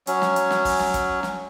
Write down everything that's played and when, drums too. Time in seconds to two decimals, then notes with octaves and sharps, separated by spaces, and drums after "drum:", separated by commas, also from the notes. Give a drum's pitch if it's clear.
0.07 F#3 C#4, drum: hi-hat
0.22 drum: snare
0.36 drum: hi-hat
0.51 drum: snare
0.65 drum: kick, open hi-hat
0.80 drum: snare
0.94 drum: kick, hi-hat
1.23 drum: snare